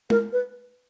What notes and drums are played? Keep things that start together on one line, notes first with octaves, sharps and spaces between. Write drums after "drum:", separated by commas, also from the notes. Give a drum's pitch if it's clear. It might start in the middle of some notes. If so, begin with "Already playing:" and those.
A#4, drum: tom G#3
B4